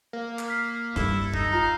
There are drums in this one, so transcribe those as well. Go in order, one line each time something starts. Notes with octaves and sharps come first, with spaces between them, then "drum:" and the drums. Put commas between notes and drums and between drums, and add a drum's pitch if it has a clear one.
A#3
drum: clap
F6 B6 C7
G2 G3 E4 A4, drum: snare
D#4, drum: kick
F4 F5 A#5